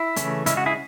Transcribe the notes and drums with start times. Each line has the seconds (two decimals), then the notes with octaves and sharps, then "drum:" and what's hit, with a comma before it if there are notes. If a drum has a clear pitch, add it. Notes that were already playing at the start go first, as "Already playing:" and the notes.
Already playing: E4
0.16 C#3 E3 A3 C#4, drum: hi-hat
0.46 C#3 G#3 C#4 E4, drum: hi-hat
0.57 F#4
0.66 E4 G#4